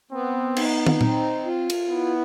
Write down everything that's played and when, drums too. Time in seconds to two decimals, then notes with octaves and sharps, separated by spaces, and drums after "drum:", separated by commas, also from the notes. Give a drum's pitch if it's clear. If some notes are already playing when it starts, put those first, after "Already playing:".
0.11 B3 C4
0.57 D#4, drum: cymbal
0.86 drum: tom
1.01 C4, drum: tom A#2
1.45 F4
1.70 drum: cymbal
1.89 B3 E4